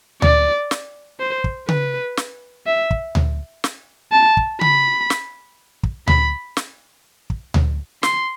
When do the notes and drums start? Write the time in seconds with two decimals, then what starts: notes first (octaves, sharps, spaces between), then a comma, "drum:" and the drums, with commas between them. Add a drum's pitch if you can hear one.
0.22 D5, drum: tom D2
0.71 drum: snare
1.20 C5
1.44 drum: kick
1.69 B4, drum: tom C#3
2.17 drum: snare
2.66 E5
2.91 drum: kick
3.15 drum: tom D2
3.64 drum: snare
4.12 A5
4.37 drum: kick
4.61 B5, drum: tom C#3
5.10 drum: snare
5.83 drum: kick
6.08 B5, drum: tom D2
6.57 drum: snare
7.30 drum: kick
7.54 drum: tom D2
8.03 C6, drum: snare